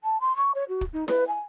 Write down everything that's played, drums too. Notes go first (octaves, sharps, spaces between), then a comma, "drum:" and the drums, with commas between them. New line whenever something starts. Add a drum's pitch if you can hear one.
A5
C6
C#6
C#5
F#4
drum: kick
D#4
B4, drum: snare E4
G#5